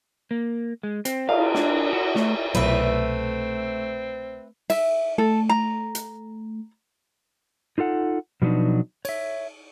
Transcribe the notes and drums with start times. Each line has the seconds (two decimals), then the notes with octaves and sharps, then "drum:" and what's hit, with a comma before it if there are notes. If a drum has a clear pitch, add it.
0.31 A#3
0.83 G#3
1.05 C4, drum: hi-hat
1.29 F5, drum: cymbal
1.55 D4, drum: snare
1.93 F#4
2.16 A3, drum: snare
2.55 C2 B2 F#3 A3 C4 B4 E5
4.70 E5, drum: cymbal
5.18 A3 A4
5.49 A#5
5.95 drum: hi-hat
7.78 D#4 F4 A4 F#5
8.42 B2 F3 F#3 B3 D4 D#4
9.05 C#5 E5, drum: cymbal